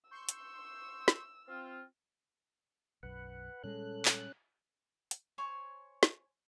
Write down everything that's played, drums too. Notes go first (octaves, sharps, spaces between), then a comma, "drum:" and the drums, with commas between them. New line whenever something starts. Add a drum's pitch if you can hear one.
C6 C#6 E6 G6
drum: hi-hat
drum: snare
C4 F4
B1 F#2 B4 F#5
A#2 G3 G#3 C#4 A4 F#6
drum: clap
drum: hi-hat
C5 C#5 G#5 C#6
drum: snare